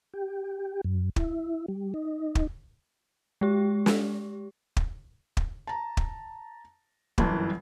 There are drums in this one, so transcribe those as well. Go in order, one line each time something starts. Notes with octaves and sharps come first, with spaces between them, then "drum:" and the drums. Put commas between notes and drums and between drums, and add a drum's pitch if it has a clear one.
G4
F#2
E4, drum: kick
G3
D#4
drum: kick
G#3 G4
drum: snare
drum: kick
drum: kick
A5 A#5
drum: kick
G1 C2 F#2 E3 A5, drum: kick